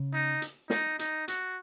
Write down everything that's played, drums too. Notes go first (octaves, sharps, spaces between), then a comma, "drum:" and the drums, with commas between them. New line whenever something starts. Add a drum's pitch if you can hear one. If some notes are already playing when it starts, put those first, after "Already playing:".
Already playing: C#3
D#4
drum: hi-hat
D#4, drum: snare
D#4, drum: hi-hat
F#4, drum: hi-hat